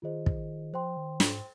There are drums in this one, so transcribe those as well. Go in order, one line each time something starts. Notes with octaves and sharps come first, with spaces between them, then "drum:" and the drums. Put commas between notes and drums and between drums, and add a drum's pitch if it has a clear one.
D#3 F4 G#4 C5 D#5
drum: kick
F3 C5 G5 C6
D#3
G#2, drum: snare